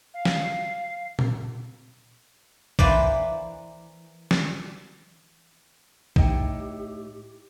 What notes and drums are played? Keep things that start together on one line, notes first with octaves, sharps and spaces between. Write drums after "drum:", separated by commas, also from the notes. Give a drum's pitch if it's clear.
F5
drum: snare
drum: tom A#2
E3 A#3 B4 C5 D5, drum: kick
drum: snare
A2 D#4 G4 D#5 G5, drum: kick